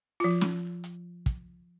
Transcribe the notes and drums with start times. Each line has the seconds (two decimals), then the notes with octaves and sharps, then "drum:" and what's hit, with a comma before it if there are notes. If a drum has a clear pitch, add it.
0.20 F3 F4
0.41 drum: snare
0.84 drum: hi-hat
1.26 drum: kick, hi-hat